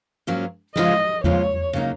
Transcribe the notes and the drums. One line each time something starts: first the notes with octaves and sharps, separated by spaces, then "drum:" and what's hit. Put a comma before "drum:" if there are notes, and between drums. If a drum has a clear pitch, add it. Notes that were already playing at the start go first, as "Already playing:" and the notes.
G#2 F#3 A#3 C#4 F4
C#3 F3 G#3 C#4 F4 D#5, drum: snare
C#3 F3 G#3 C#4 F4 C#5, drum: tom E2
C#3 F#3 A#3 D#4